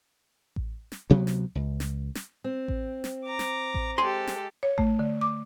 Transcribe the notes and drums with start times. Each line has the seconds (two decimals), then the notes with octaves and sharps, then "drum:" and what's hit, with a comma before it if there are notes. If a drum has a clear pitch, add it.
0.56 drum: kick A1
0.92 drum: snare
1.10 D2 C3 F#3 B3
1.27 drum: snare
1.55 C#2
1.80 drum: snare
2.15 drum: snare
2.44 C4
2.68 drum: kick A1
3.04 drum: snare
3.26 A#5 D6
3.39 drum: snare
3.74 drum: kick A1
3.98 G#3 G4 A4 G#5 C6
4.27 drum: snare
4.63 C#5
4.78 A3, drum: kick A1
4.99 D3
5.21 D6